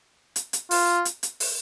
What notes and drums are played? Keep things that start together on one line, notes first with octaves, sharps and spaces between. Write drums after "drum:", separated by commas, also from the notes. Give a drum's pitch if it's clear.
drum: hi-hat
drum: hi-hat
F4, drum: open hi-hat
drum: hi-hat
drum: hi-hat
drum: open hi-hat